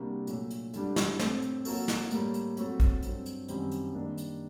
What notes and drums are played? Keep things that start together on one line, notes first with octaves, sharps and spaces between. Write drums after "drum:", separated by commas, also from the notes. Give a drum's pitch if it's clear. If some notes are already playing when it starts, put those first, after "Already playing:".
Already playing: C3 G3 A#3 D4 F#4
A#2 F#3 A3, drum: hi-hat
drum: hi-hat
D3 G3 D4, drum: hi-hat
drum: snare
A2 A3 C4, drum: snare
drum: hi-hat
F#3 A#3 F#4 A4, drum: open hi-hat
drum: snare
A2 G3 A#3, drum: hi-hat
drum: hi-hat
F#3 A3 C4 F#4 A4, drum: hi-hat
drum: kick, hi-hat
G2 F#3 C4, drum: hi-hat
drum: hi-hat
F#2 D#3 G3 C4, drum: hi-hat
drum: hi-hat
D#3 G3 A#3 D4
drum: hi-hat